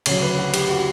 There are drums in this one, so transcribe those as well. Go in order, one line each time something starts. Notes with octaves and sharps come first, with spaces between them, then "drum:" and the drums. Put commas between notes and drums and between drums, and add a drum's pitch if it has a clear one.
D2 C#3 F#3 C#5, drum: cymbal
B4
F#4
G4, drum: cymbal
F#4